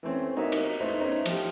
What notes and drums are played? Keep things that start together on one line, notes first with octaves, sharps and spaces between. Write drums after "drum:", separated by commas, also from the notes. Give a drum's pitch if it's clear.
E3 A3 C4 C#4
A#3 D#4 F#4 C#5 D#5 E5
drum: cymbal
A3 B3 D#4 E4 C5
C#4 D#4 C5
F3 G4, drum: cymbal